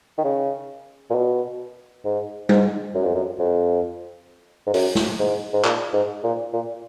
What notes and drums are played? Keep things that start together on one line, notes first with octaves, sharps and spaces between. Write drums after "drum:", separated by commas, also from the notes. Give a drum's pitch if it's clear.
D#3
C#3
A#2
B2
G#2
G#2, drum: tom G3
F#2
F2
F#2
F2
G#2
F#2, drum: open hi-hat
drum: snare
G#2
G#2
A#2, drum: clap
G#2
A#2
A#2